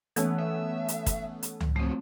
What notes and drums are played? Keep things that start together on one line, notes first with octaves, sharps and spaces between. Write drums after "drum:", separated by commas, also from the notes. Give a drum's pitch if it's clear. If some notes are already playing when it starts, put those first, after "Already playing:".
E3 A3 B3 C#4, drum: hi-hat
E5
drum: hi-hat
drum: kick, hi-hat
drum: hi-hat
drum: tom C#2
F3 F#3 A3 C4